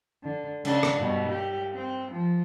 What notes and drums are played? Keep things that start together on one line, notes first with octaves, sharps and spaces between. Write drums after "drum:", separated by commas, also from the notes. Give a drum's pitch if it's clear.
D3
C#3 D4, drum: cymbal
drum: rim click
G2 B2
G4
C4
F3